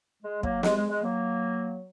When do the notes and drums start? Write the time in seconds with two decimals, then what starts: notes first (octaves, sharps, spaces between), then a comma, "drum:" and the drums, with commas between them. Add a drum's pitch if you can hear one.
0.23 G#3
0.43 F#3 A#3, drum: kick
0.63 G#3, drum: snare
0.77 G#3
0.89 G#3
1.03 F#3 A#3